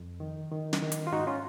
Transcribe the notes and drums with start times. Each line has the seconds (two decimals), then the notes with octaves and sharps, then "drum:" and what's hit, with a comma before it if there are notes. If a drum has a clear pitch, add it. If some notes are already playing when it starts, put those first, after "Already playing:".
Already playing: F2
0.20 D#3
0.52 D#3
0.73 drum: snare
0.82 D#3
0.92 drum: hi-hat
1.07 F4
1.12 G#2 D#4 F#4
1.27 C#4 F4